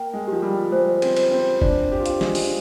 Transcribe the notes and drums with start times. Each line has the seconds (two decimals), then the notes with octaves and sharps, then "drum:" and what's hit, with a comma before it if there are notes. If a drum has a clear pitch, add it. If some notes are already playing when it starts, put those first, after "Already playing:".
Already playing: A#3 G5
0.13 G#3
0.28 F3 G4
0.42 G3
0.72 G#3 C5
1.02 C4, drum: cymbal
1.16 C5, drum: cymbal
1.31 C4
1.62 D4 D5, drum: kick F#1
1.92 G4
2.00 F4
2.06 G4 F5, drum: hi-hat
2.21 G#3, drum: snare
2.35 drum: open hi-hat